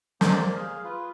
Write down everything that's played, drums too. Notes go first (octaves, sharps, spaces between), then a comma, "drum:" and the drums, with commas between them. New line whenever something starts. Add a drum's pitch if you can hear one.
A#3 G4 C5 D5 G5, drum: snare
G#4 F5
F4 B4